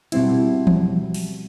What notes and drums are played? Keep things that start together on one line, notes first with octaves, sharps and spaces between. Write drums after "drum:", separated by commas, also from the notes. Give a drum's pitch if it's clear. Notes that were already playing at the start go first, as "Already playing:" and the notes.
B2 G3 C4 E4, drum: cymbal
drum: tom E3
drum: open hi-hat